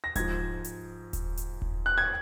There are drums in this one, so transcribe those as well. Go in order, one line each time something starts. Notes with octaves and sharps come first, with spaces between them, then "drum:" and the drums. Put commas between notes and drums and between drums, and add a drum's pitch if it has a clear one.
A#6
G#2 F3 G#6, drum: kick D#1, hi-hat
drum: hi-hat
drum: kick D#1, hi-hat
drum: hi-hat
drum: kick D#1
F#6
G#6